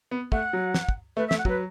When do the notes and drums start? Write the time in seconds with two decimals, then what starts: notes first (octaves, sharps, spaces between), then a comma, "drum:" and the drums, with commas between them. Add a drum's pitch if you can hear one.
0.11 B3
0.32 A3 F#5, drum: kick
0.53 F#3
0.74 drum: snare
0.89 drum: kick
1.17 A3 B4
1.27 E5
1.31 A3, drum: snare
1.38 F#5
1.45 F#3 B4, drum: kick